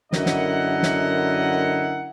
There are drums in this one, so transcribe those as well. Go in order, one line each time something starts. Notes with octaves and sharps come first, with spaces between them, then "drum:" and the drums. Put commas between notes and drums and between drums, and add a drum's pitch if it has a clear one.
F#2 D3 E4 A#4 D#5 F#5, drum: snare
drum: snare
drum: snare